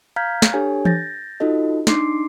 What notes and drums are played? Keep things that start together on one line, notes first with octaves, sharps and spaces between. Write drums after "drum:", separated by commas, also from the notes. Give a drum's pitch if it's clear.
F5 A#5 F6 G6 G#6 B6
drum: snare
D4 G4 A4 C#5 G#5
G6 A6 A#6, drum: tom E3
D#4 F4 F#4 A4 D#5
D4 D#4 C6 D6 C7, drum: snare